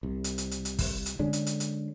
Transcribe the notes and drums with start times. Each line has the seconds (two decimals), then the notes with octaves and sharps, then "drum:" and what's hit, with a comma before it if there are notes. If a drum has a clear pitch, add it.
0.03 C2
0.24 drum: hi-hat
0.38 drum: hi-hat
0.51 drum: hi-hat
0.65 drum: hi-hat
0.79 drum: kick, open hi-hat
1.06 drum: hi-hat
1.19 D3 G#3 C#4 D4
1.33 drum: hi-hat
1.47 drum: hi-hat
1.60 drum: hi-hat